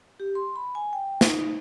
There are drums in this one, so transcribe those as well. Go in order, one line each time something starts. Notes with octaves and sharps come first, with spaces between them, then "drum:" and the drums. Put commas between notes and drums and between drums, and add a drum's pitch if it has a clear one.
G4
C6
B5
G#5
G5
D#4, drum: snare